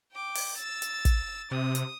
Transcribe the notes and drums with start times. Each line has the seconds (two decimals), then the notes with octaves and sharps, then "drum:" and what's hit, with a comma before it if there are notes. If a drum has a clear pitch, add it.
0.12 G5 D6
0.35 drum: open hi-hat
0.58 E6 A6
0.82 drum: hi-hat
1.05 drum: kick, hi-hat
1.51 C3 D#6
1.75 drum: hi-hat